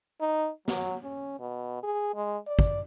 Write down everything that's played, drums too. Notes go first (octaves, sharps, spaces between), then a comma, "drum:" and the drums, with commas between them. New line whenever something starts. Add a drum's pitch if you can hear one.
D#4
F#3, drum: snare
C#4
B2
G#4
G#3
D5
drum: kick